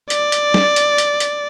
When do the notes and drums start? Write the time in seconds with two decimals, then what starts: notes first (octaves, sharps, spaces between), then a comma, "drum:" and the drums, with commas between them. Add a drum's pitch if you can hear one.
0.10 D5, drum: hi-hat
0.32 drum: hi-hat
0.54 drum: snare
0.76 drum: hi-hat
0.98 drum: hi-hat
1.20 drum: hi-hat